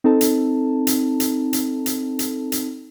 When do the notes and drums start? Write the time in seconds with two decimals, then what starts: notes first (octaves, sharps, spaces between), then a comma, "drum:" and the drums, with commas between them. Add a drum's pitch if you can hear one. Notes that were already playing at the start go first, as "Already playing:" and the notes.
0.04 C4 D#4 A4 A5
0.21 drum: hi-hat
0.87 drum: hi-hat
1.20 drum: hi-hat
1.53 drum: hi-hat
1.86 drum: hi-hat
2.19 drum: hi-hat
2.52 drum: hi-hat